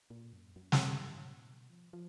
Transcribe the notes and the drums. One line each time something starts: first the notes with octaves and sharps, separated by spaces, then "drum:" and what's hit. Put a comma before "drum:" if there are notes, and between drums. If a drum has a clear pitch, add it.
A#2
F#2
F#2
drum: snare
G#2
A#2
B2
F3
F3